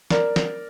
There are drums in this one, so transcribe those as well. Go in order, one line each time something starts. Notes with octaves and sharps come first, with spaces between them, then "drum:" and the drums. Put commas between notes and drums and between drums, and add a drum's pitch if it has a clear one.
A#4 D5, drum: snare
drum: snare